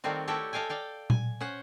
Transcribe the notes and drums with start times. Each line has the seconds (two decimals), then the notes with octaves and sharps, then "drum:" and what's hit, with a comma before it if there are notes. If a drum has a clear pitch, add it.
0.04 D#3 G3 A3 C4 F4 F#4
0.28 A3 E4 F#4 G4 A4 C#5
0.53 A4 D#5 F5 G5 G#5
0.69 D5 F5 G5
1.10 G#5, drum: tom A#2
1.41 C#4 C5 F#5